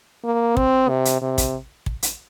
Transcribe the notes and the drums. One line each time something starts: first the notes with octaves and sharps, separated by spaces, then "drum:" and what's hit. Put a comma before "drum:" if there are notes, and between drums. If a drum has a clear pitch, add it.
A#3
C4, drum: kick
C3
drum: hi-hat
C3
drum: kick, hi-hat
drum: kick
drum: hi-hat